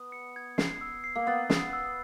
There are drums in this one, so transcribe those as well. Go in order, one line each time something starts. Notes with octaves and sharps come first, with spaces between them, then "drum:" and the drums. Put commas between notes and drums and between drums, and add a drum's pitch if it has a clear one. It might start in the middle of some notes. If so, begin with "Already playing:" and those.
Already playing: B3 D#6
C#7
G#6
C7, drum: snare
E6
C7
A#3
B3 A6
C7, drum: snare
E6